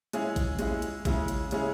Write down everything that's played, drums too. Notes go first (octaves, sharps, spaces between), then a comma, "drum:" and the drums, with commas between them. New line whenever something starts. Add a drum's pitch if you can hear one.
G#3 C#4 E4 G#4, drum: hi-hat
drum: kick A#1, hi-hat
G#3 C#4 E4 G#4, drum: hi-hat
drum: hi-hat
C#3 G#3 C#4 E4 G#4, drum: kick A#1, hi-hat
drum: hi-hat
C#3 G#3 C#4 E4 G#4, drum: hi-hat